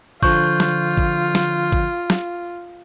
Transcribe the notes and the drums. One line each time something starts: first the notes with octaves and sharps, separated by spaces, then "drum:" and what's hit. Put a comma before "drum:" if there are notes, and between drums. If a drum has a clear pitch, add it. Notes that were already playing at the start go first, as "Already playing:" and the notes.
D3 F3 F4 C#6 F#6 G6, drum: kick G#1
drum: snare
drum: kick G#1
drum: snare
drum: kick G#1
drum: snare